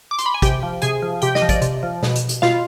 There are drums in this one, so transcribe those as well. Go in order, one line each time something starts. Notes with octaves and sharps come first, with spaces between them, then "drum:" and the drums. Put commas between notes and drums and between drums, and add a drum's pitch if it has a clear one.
D6
C6, drum: hi-hat
B5
G#5
C3 G4 G5, drum: kick, hi-hat
F3
C3 G#4 G#5, drum: hi-hat
F3
C3 G4 G5, drum: hi-hat
D#5, drum: snare
F3
D5, drum: kick, hi-hat
C3, drum: hi-hat
F3
B2, drum: snare
drum: hi-hat
drum: hi-hat
B2 F4 F5, drum: snare